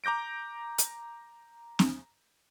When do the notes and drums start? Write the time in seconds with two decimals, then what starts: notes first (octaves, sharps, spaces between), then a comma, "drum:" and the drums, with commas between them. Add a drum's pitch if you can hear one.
0.04 A#5 D6 G6 A#6 D7
0.78 drum: hi-hat
1.79 drum: snare C4